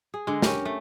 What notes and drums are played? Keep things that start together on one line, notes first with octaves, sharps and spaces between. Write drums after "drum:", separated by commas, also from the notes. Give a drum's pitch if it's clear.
G#4
D3 G#3
C#4 G4 A#4, drum: snare
A3